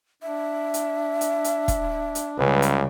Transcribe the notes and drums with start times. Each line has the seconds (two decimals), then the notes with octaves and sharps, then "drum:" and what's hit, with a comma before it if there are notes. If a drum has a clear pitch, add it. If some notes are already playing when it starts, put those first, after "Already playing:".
0.22 D4 E5
0.74 drum: hi-hat
1.21 drum: hi-hat
1.44 drum: hi-hat
1.68 drum: kick E1, hi-hat
2.15 drum: hi-hat
2.39 C#2 C#3 G3 B4
2.62 drum: hi-hat